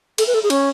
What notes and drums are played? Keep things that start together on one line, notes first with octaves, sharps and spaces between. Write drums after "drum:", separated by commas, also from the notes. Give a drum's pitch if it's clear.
A4, drum: cymbal
B4
A4
G#4
C#4, drum: cymbal